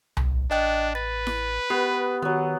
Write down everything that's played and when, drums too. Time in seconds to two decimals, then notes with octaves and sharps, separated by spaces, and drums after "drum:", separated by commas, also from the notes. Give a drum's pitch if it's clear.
0.17 A1, drum: tom C2
0.51 A1 D4 D#5 G5 F#6
0.95 B4 A6
1.27 drum: snare E4
1.70 B3 G4
2.22 D#3 F#3 B3